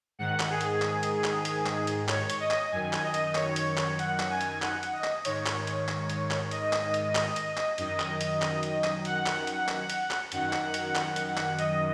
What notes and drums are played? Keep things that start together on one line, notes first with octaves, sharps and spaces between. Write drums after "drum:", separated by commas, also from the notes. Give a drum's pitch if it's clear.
G#2 D#3 F#5
drum: clap
G#4
drum: hi-hat
drum: clap
drum: hi-hat
drum: clap
drum: hi-hat
drum: clap
drum: hi-hat
C#5, drum: clap
drum: hi-hat
D#5
drum: clap
F#2 D#3 G#5
drum: clap
D#5
drum: hi-hat
C#5, drum: clap
drum: hi-hat
drum: clap
F#5, drum: hi-hat
drum: clap
G#5
drum: hi-hat
F#5, drum: clap
drum: hi-hat
D#5
drum: clap
G#2 D#3 C#5, drum: hi-hat
drum: clap
drum: hi-hat
drum: clap
drum: hi-hat
drum: clap
D#5, drum: hi-hat
drum: clap
drum: hi-hat
drum: clap
drum: hi-hat
drum: clap
F#2 D#3 D#5, drum: hi-hat
drum: clap
drum: hi-hat
drum: clap
drum: hi-hat
drum: clap
F#5, drum: hi-hat
drum: clap
drum: hi-hat
drum: clap
drum: hi-hat
drum: clap
F#2 D#3 F#5, drum: hi-hat
drum: clap
F#5
drum: hi-hat
F#5, drum: clap
drum: hi-hat
F#5
drum: clap
D#5, drum: hi-hat